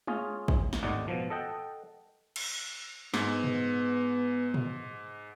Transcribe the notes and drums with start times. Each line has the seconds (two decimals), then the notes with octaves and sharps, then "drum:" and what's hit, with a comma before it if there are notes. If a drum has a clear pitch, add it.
0.07 C#4 F4 G#4, drum: tom G#3
0.48 drum: kick
0.73 drum: snare
0.83 G#1 D#2 A2 D#4 D5 F#5
1.08 B2 F3
1.30 A4 D#5 F#5 G5
2.36 drum: cymbal
3.14 G#2 B3, drum: snare
3.44 drum: tom A#2
4.54 drum: tom A#2